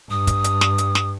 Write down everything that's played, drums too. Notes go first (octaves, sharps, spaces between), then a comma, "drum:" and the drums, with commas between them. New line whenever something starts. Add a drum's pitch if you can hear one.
G2 D#6
drum: kick, hi-hat
drum: hi-hat
drum: snare
drum: hi-hat
drum: snare